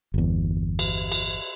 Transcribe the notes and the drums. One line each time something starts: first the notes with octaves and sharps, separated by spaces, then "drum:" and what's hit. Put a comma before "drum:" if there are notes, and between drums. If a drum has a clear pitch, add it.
G1 E2
drum: cymbal
drum: cymbal